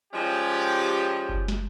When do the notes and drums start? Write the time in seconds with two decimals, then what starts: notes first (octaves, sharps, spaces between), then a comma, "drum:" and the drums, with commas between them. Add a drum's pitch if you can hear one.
0.13 F3 G3 G#3 C#4 G4
1.29 drum: kick F#1
1.48 drum: snare